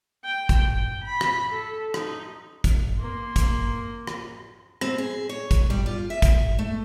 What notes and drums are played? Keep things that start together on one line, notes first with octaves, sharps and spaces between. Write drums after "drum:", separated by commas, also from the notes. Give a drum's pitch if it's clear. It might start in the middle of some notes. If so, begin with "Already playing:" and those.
G5
drum: kick, hi-hat
G5
B5
drum: rim click
A4
D#4, drum: rim click
drum: kick, hi-hat
A#3 C6
drum: kick, hi-hat
drum: rim click
C4, drum: rim click
G#4
C#5
drum: kick, hi-hat
G3
F4
E5
drum: kick, hi-hat
A3